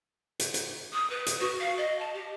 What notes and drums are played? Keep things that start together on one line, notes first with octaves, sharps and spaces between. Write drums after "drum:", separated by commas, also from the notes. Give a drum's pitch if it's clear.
drum: hi-hat
drum: hi-hat
D#6
B4
drum: hi-hat
F#4
F5
D#5
A5
G4